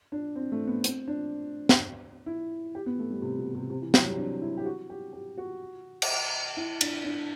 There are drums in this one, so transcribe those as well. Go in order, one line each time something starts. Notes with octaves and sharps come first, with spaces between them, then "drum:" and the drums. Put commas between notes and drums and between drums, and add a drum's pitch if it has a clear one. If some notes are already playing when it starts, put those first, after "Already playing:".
D4
C4
A3
B3
C4, drum: hi-hat
D4
drum: snare
E4
G4
B3
A3
G3
C3
B2
C3
C3
E3
F#3, drum: snare
G3
C4
D4
E4
G4
F#4
G4
G4
F#4
drum: cymbal
E4
D4, drum: cymbal
D4